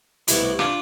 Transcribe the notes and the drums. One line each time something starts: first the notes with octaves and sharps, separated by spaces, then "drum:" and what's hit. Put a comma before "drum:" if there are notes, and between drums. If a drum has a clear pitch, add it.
C2 B2 A3 E4, drum: hi-hat
D4 F4, drum: rim click